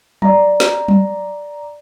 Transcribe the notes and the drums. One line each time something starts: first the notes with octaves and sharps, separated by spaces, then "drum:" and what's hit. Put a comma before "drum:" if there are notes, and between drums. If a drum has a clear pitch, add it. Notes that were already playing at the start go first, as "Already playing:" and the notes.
D5 A#5, drum: tom F#3
drum: snare
drum: tom F#3